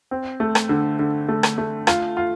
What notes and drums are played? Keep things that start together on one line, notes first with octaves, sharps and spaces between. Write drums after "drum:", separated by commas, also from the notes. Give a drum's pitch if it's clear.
C4
A3
drum: rim click
D3
D3
A3
drum: rim click
A3
F4, drum: rim click
F4